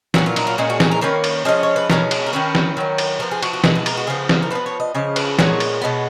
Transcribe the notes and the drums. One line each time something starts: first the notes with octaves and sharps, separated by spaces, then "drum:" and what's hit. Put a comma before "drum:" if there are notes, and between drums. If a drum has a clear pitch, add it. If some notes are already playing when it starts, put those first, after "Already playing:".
A#2 F#3 B3 F#4, drum: snare
F4
D#4, drum: cymbal
F4
A#2 G#3 C#4 F4
F#4
G#4, drum: snare
A#4
D#3 A#3 C#4 B4
drum: cymbal
F3 G#3 C#4 D#5
C#5
B4
B2 G#3 C#4 A#4, drum: snare
drum: cymbal
A#4
D#3 F#3 C#4 B4
drum: snare
D#3 F#3 C#4
drum: cymbal
F3 B3 A#4
G#4
F#4, drum: cymbal
F#4
B2 G#3 B3 G#4, drum: snare
B4
A#4, drum: cymbal
F#4
C#3 F3 B3 G#4
drum: snare
A#4
F3 B3 B4
C#5
D#5
C#3 F3 D#5
B4, drum: cymbal
A#2 G#3 B3 C#5, drum: snare
drum: cymbal
B2 G#3 B3